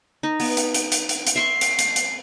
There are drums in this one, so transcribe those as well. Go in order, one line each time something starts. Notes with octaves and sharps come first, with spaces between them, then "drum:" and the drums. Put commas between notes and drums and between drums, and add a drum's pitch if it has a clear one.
D#4
B3, drum: open hi-hat
drum: hi-hat
drum: hi-hat
drum: hi-hat
drum: hi-hat
drum: hi-hat
E5 C6 C#6 C7
drum: hi-hat
drum: hi-hat
drum: hi-hat